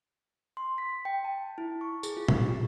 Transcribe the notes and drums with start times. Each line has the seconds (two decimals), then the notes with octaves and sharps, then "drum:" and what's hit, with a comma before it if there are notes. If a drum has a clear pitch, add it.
0.57 C6
0.78 B6
1.05 G5
1.25 A5
1.58 E4
1.81 C#6
2.03 G#4, drum: tambourine
2.17 F4
2.28 drum: tom A#2
2.38 G4